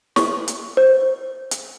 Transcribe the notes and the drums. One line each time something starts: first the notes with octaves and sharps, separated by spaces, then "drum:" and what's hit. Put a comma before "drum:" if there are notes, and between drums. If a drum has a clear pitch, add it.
C#6, drum: snare
drum: hi-hat
C5
drum: hi-hat